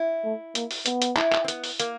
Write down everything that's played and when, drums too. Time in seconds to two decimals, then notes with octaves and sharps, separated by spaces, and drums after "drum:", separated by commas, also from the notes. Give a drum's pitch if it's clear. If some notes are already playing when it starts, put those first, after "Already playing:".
Already playing: E4
0.24 A3
0.55 A#3, drum: hi-hat
0.71 drum: open hi-hat
0.86 B3, drum: hi-hat
1.02 drum: hi-hat
1.17 E4, drum: clap
1.33 drum: clap
1.44 C4
1.48 B3, drum: hi-hat
1.64 drum: open hi-hat
1.80 A#3, drum: hi-hat